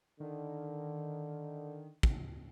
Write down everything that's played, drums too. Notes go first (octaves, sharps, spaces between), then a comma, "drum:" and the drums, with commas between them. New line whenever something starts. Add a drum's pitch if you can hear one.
D3 D#3
drum: kick